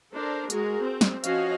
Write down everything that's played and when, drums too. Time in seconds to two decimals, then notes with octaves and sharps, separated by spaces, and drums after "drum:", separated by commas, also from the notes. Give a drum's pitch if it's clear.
0.14 D4 A4 A#4 C5
0.50 G#3 F#4 G#4 A#4, drum: hi-hat
0.82 C4
1.01 drum: snare
1.24 F3 C#4 F#4 C#5 D#5 F5, drum: hi-hat